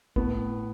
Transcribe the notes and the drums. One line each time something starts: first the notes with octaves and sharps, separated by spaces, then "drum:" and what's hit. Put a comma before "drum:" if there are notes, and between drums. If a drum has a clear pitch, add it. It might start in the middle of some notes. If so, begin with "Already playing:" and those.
A2 B3, drum: kick